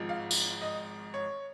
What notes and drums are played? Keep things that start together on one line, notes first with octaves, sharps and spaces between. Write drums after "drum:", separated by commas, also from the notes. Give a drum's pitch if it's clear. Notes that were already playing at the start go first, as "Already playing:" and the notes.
Already playing: G#1 G#2 F3
F5
drum: tambourine
D#5
C#5